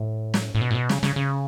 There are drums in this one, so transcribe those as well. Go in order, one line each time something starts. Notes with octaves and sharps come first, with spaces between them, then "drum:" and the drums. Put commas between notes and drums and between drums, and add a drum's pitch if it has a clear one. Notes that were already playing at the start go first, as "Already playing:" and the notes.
Already playing: A2
drum: snare
A2
B2
A2
B2
C#3, drum: snare
C#3, drum: snare
C#3